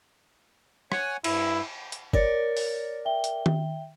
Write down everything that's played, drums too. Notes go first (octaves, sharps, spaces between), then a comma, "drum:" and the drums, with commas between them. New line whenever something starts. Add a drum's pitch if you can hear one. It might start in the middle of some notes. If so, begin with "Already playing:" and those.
C#5 F#5 G#5, drum: rim click
G2 E4, drum: cymbal
drum: hi-hat
A#4 C#5 D5 A6 C#7, drum: kick
drum: open hi-hat
E5 G5 G7
drum: hi-hat
drum: tom D#3